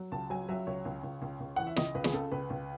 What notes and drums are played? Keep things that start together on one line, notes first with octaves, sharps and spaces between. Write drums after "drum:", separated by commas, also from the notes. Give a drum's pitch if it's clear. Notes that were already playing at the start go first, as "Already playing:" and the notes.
Already playing: F#3
C#2 A5
F#3 G#5
F#3 E5
C#2 C#5
C#2
C#2
C#2
C#2
E3 F#5
E5
C#2 D#5, drum: snare
C#2 B4
G#4, drum: snare
C#3 A4
C#2 B4
C#2